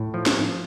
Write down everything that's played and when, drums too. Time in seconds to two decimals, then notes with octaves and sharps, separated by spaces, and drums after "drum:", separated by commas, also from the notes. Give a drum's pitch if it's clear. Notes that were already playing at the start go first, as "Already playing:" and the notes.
Already playing: A2
0.14 F3
0.26 drum: snare